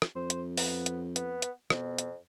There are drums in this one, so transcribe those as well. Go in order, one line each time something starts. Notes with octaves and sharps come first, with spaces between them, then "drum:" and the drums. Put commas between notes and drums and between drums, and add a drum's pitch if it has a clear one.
drum: rim click
F2 C5
drum: hi-hat
B3, drum: open hi-hat
drum: hi-hat
B3, drum: hi-hat
drum: hi-hat
F2 B2, drum: rim click
drum: hi-hat